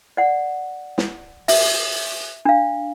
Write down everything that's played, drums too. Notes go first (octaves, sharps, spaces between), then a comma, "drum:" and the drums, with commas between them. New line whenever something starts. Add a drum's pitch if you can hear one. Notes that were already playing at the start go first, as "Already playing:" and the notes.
D5 F#5
drum: snare
E5, drum: open hi-hat
D4 F5